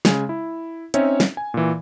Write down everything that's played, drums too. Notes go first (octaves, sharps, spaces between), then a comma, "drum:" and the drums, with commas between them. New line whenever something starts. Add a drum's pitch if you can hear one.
C#3 G#3 G#5, drum: snare
E4
C4 C#4 D#4 C#5 E5, drum: hi-hat
drum: snare
G#5
A#2 E3